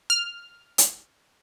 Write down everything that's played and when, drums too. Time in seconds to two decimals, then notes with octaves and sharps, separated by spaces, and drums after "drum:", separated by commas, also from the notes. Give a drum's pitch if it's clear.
0.10 F6
0.78 drum: hi-hat